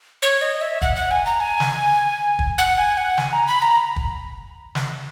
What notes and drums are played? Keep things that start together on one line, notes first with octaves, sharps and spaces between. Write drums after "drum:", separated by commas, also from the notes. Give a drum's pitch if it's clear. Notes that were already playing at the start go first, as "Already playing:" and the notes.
C#5
D#5
E5
F#5, drum: kick
F#5
G#5
A#5
G#5
drum: snare
drum: kick
F#5
G#5
F#5
G#5, drum: snare
A#5
B5
A#5
drum: kick
drum: snare